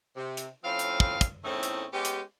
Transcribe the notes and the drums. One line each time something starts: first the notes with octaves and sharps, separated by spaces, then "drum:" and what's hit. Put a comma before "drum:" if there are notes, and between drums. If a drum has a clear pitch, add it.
C3
drum: hi-hat
A2 F3 C4 C#4 F5
drum: hi-hat
drum: kick
drum: kick, hi-hat
E2 A2 A3 C4 C#4 D#4
drum: hi-hat
G#3 B3 C#4 G4
drum: hi-hat